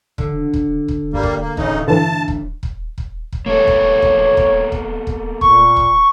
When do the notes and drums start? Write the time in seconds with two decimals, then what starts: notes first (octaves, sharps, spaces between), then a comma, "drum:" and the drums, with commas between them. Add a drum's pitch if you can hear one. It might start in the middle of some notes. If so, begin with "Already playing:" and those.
0.18 D3, drum: kick
0.54 drum: kick
0.88 drum: kick
1.14 G1 G3 A#3
1.23 drum: kick
1.41 A#3
1.57 A1 C#3 D#4, drum: kick
1.88 G1 D3 E3 A5
2.28 drum: kick
2.63 drum: kick
2.98 drum: kick
3.32 drum: kick
3.46 A#3 B3 A4 C#5
3.67 drum: kick
4.02 drum: kick
4.37 drum: kick
4.72 drum: kick
5.07 drum: kick
5.41 A#2 C#6, drum: kick
5.77 drum: kick